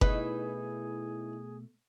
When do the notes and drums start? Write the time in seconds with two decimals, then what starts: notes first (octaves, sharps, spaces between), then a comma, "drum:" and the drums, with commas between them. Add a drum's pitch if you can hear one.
0.01 B2 A3 D#4 E4 G#4 B4 C#5, drum: kick F#1